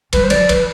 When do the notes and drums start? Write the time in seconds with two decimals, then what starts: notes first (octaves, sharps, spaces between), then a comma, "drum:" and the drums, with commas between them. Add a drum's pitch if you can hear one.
0.13 G3 B4, drum: cymbal
0.24 C5
0.30 F#3 D5, drum: cymbal
0.49 E3 B4, drum: cymbal